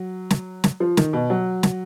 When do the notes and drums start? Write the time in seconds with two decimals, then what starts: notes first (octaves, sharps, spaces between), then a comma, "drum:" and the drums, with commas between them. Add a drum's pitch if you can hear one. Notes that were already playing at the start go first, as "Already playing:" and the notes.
Already playing: F#3
0.30 drum: snare
0.64 drum: snare
0.80 F3
0.97 D#3, drum: snare
1.13 B2
1.30 F#3
1.63 drum: snare